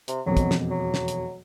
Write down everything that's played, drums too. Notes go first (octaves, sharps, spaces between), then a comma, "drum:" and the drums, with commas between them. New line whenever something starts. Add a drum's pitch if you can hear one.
C3, drum: hi-hat
E1 F2 B2 F#3
drum: kick, hi-hat
drum: snare
F#3
drum: snare
drum: hi-hat